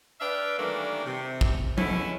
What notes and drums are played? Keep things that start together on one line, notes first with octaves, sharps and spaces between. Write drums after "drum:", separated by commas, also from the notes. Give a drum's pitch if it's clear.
D4 B4 D5 E5 F5 G5
D#3 E3 G3 A3 A#3 D4
C3
drum: kick
D3 G#3 B3 C#4 E4, drum: tom F3